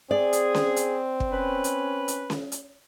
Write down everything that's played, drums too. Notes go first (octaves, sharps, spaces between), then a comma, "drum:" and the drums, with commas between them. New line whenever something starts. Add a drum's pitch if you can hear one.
C4 G#4 D5
drum: hi-hat
drum: snare C#4
drum: hi-hat
drum: kick
C#4 B4
drum: hi-hat
drum: hi-hat
drum: snare C#4
drum: hi-hat